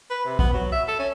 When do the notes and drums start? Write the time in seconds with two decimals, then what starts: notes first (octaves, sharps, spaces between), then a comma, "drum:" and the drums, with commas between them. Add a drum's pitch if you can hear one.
0.10 B4
0.25 C3
0.39 B3, drum: kick
0.53 F#3
0.72 E5
0.88 A4
0.99 C#4